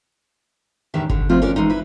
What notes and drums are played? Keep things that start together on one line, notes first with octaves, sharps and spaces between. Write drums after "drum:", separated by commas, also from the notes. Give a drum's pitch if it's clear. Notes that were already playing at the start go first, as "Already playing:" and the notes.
E2 A2 D#3 G3 D4 E5
D3, drum: kick G1
F3 A3 C4 F4
C#4 D4 A#4 D5
E3 G#3 D#4
E4 B4